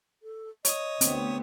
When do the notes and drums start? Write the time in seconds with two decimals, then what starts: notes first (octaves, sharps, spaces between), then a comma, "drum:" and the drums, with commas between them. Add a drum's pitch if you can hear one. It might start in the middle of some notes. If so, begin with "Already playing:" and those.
0.23 A4
0.65 C#5 D#5 D#6, drum: hi-hat
1.01 D2 B3 C4, drum: hi-hat